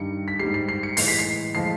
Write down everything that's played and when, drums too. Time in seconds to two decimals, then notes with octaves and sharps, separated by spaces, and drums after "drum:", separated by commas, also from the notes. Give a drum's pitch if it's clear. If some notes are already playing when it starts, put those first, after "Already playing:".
Already playing: G2 D#3 G3 C#7
0.28 B6
0.39 G#2 D#3 G3 C7
0.54 C7
0.69 C7
0.83 C#7
0.97 A2 E3 G#3 C7, drum: open hi-hat
1.08 B6
1.19 C7
1.55 A2 F3 G#3 C7